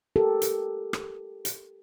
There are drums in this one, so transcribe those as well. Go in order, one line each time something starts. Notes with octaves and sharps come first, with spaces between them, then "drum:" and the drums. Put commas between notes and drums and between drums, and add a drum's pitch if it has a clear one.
G4 A4 A#4
drum: hi-hat
drum: rim click
drum: hi-hat